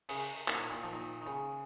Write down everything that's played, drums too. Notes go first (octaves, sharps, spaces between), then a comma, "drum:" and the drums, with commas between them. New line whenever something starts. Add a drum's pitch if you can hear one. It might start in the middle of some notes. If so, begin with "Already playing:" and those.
C#3, drum: cymbal
A#2 D#3, drum: clap
A#2 D#3
F3
A#2 D#3
D#3
C#3